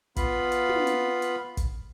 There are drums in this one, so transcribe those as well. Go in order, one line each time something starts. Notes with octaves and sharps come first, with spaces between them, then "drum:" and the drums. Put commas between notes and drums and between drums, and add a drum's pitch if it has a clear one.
B3 F4 F5 B5, drum: kick, hi-hat
drum: hi-hat
drum: tom
drum: hi-hat
drum: hi-hat
drum: kick, hi-hat